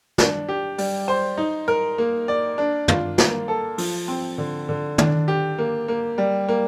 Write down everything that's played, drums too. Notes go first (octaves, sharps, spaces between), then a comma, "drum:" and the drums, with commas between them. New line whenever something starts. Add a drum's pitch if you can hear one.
D4, drum: snare
G4
G3, drum: open hi-hat
C5
D#4
A#4
A#3
D5
D4
F4, drum: tom
A#3, drum: snare
A4
F3, drum: open hi-hat
C4
D3
D3
D4, drum: tom
G4
A#3
A#3
G3
A#3